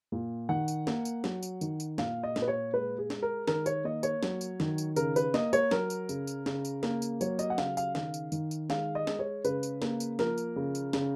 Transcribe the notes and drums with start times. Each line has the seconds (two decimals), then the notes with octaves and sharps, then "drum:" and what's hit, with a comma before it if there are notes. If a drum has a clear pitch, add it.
0.12 A#2
0.49 D#3 F#5
0.68 drum: tambourine
0.87 A#3, drum: snare
1.05 drum: tambourine
1.24 F#3, drum: snare
1.43 drum: tambourine
1.61 D#3, drum: tambourine
1.80 drum: tambourine
1.98 A#2 F5, drum: snare
2.23 D#5
2.36 A#2, drum: snare
2.42 B4
2.48 C#5
2.73 G#3 B4
2.98 G#4
3.10 G#3, drum: snare
3.22 A#4
3.48 D#3 A#4, drum: snare
3.66 C#5, drum: tambourine
3.85 A#3 D#5
4.03 C#5, drum: tambourine
4.23 F#3, drum: snare
4.41 drum: tambourine
4.60 D#3, drum: snare
4.78 drum: tambourine
4.96 C#3 A#4, drum: tambourine
5.16 B4, drum: tambourine
5.34 A#3 D#5, drum: snare
5.53 C#5, drum: tambourine
5.71 F#3 A#4, drum: snare
5.90 drum: tambourine
6.09 C#3, drum: tambourine
6.27 drum: tambourine
6.46 C#3, drum: snare
6.65 drum: tambourine
6.83 A#3, drum: snare
7.02 drum: tambourine
7.21 F#3 C#5, drum: tambourine
7.39 D#5, drum: tambourine
7.50 F#5
7.58 C#3 F5, drum: snare
7.77 F5, drum: tambourine
7.95 D#3 F5, drum: snare
8.14 drum: tambourine
8.32 D#3, drum: tambourine
8.51 drum: tambourine
8.70 G#3 F5, drum: snare
8.95 D#5
9.07 G#3, drum: snare
9.19 C#5
9.45 C#3 B4, drum: tambourine
9.63 drum: tambourine
9.82 A#3, drum: snare
10.00 drum: tambourine
10.19 F3 A#4, drum: snare
10.38 drum: tambourine
10.56 C#3
10.75 drum: tambourine
10.93 C#3, drum: snare